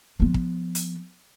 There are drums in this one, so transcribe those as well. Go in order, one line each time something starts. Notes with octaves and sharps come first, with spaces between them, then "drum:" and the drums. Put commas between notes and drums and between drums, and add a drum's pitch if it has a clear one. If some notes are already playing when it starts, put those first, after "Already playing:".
F3 B3
drum: kick
drum: hi-hat